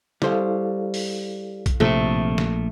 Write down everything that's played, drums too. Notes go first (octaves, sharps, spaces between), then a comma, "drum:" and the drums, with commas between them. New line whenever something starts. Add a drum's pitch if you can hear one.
G3 E4 A4 C5 F5, drum: snare
drum: open hi-hat
drum: kick B1, hi-hat
A#1 A2 C3 A3
drum: snare